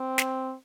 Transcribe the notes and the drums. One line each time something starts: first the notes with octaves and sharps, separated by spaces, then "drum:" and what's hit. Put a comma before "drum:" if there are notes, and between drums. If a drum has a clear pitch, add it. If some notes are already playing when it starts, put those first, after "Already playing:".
Already playing: C4
drum: snare